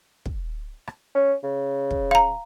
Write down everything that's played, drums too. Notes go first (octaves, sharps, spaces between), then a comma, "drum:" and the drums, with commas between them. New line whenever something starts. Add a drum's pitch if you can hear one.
drum: kick
drum: rim click
C#4
C#3
drum: kick
F5 A#5